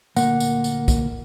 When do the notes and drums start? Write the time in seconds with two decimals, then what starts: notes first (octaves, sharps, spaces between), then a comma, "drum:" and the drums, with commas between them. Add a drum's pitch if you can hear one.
0.16 D2 A#2 A#3 F#5, drum: tambourine
0.40 drum: tambourine
0.64 drum: tambourine
0.88 drum: kick, tambourine